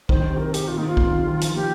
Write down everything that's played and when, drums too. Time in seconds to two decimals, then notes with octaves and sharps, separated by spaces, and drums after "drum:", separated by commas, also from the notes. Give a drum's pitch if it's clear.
0.09 D#3 C5, drum: kick
0.20 D#3
0.29 C3
0.35 G4
0.39 A#4
0.54 G4, drum: hi-hat
0.68 D#3 F4
0.78 A#3 D#4
0.87 C4 F4
0.97 A#3, drum: kick
1.07 D#3
1.17 C3
1.27 D#3
1.41 F3, drum: hi-hat
1.55 A#3 G4